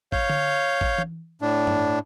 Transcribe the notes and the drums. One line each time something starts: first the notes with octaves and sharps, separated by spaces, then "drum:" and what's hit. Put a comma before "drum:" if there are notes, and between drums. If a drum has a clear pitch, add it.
C#5 F5 G6, drum: kick
drum: tom D3
drum: kick
drum: tom E3
A2 D4
drum: tom G2